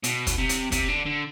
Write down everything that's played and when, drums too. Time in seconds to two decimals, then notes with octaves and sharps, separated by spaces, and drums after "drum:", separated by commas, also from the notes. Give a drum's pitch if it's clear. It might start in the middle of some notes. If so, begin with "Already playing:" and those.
0.04 B2, drum: hi-hat
0.27 drum: kick, hi-hat
0.38 C3
0.49 drum: hi-hat
0.72 C3, drum: kick, hi-hat
0.89 D3
1.06 D3